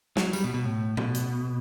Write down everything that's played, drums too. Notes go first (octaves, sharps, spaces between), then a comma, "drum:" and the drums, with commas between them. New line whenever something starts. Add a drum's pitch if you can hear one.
F#3, drum: snare
G3, drum: tambourine
B2
B2
A2
B2, drum: tom A#2
drum: hi-hat